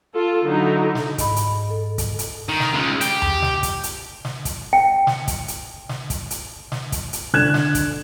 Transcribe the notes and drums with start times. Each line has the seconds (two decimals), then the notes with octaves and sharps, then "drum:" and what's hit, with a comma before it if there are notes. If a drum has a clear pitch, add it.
0.13 F4 A4
0.44 D3 F#3 D#4 E4
0.95 drum: snare
1.18 G#2 D#5 B5, drum: kick, hi-hat
1.36 drum: hi-hat
1.70 A4
1.98 drum: kick, hi-hat
2.19 drum: hi-hat
2.49 D#3
2.60 drum: snare
2.74 C#3 G#3
3.01 G4, drum: hi-hat
3.22 drum: tom D#2
3.42 drum: snare
3.63 drum: kick, hi-hat
3.83 drum: hi-hat
4.25 drum: snare
4.45 drum: kick, hi-hat
4.73 G5
5.07 drum: snare
5.28 drum: kick, hi-hat
5.48 drum: hi-hat
5.89 drum: snare
6.10 drum: kick, hi-hat
6.31 drum: hi-hat
6.72 drum: snare
6.92 drum: kick, hi-hat
7.13 drum: hi-hat
7.33 D3 F#6 G#6 E7
7.54 drum: snare
7.75 drum: kick, hi-hat